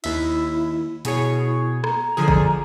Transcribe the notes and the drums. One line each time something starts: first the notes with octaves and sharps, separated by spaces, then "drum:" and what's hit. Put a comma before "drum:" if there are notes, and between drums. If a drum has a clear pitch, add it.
D#2 E4 E5, drum: cymbal
B2 E4 G#4 C#5, drum: hi-hat
A#5, drum: rim click
D3 F3 G#4
drum: kick G#1